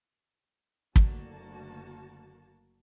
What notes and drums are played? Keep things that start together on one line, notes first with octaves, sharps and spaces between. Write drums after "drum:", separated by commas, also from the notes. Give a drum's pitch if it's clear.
F#1 D3 A3 A#3 F#4 A5, drum: kick